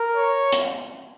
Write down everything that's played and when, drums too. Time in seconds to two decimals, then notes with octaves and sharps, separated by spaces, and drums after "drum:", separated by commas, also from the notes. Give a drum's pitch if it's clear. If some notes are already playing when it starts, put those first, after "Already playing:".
Already playing: A#4
0.15 C#5
0.52 drum: hi-hat